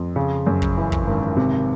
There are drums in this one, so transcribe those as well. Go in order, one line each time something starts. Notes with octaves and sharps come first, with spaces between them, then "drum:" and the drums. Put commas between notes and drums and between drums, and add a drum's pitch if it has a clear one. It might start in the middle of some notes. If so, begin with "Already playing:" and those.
Already playing: F2
C#3
F#2
drum: kick
E3
drum: kick
G#1
C3